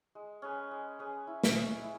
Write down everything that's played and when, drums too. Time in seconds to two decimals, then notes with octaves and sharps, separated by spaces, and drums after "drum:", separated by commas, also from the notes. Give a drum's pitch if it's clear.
0.15 G#3
0.42 C#4 G#4 B4
0.71 G#3
0.99 C#4 G#4 B4
1.27 E4
1.43 drum: snare
1.56 G#4 C#5
1.83 E4